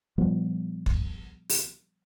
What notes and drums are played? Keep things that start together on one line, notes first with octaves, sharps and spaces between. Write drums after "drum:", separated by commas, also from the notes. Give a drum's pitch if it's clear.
A#2 F3 G3 B3
drum: kick
drum: open hi-hat